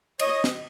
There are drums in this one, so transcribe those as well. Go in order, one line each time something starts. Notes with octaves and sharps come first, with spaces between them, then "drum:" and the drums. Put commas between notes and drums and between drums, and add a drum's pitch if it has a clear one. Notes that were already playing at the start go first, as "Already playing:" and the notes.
C#5 D#5, drum: cymbal
drum: snare